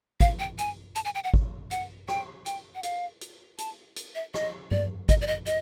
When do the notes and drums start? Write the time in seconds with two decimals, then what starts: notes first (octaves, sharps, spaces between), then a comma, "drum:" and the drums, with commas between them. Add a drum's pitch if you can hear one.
0.20 F5, drum: kick G#1, hi-hat
0.39 G5
0.58 G#5, drum: hi-hat
0.95 A5, drum: hi-hat
1.05 G#5
1.15 G5
1.24 F#5
1.34 drum: kick G#1
1.71 F#5, drum: hi-hat
2.08 G5, drum: rim click
2.46 G5, drum: hi-hat
2.75 F#5
2.83 F5, drum: hi-hat
3.21 drum: hi-hat
3.58 A5, drum: hi-hat
3.96 drum: hi-hat
4.15 E5
4.34 D#5, drum: rim click
4.71 D5, drum: tom G2
5.09 D#5, drum: kick G#1, hi-hat
5.21 D5
5.27 D#5
5.46 D#5, drum: hi-hat